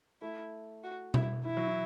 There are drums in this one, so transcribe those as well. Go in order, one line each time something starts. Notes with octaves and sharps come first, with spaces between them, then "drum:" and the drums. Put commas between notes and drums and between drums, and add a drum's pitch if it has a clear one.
A3 E4
F#4
E4, drum: tom B2
E3 E4
F#3
E3